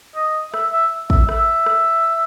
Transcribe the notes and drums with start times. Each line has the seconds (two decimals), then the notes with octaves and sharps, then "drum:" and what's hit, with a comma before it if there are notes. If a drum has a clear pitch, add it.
0.16 D#5
0.54 E5, drum: rim click
0.73 E5
1.10 E5, drum: kick
1.29 E5, drum: rim click
1.66 drum: rim click